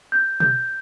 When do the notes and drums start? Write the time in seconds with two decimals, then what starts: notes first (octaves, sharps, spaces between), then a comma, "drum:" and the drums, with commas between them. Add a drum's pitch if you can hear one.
0.12 G6
0.40 G6, drum: tom B2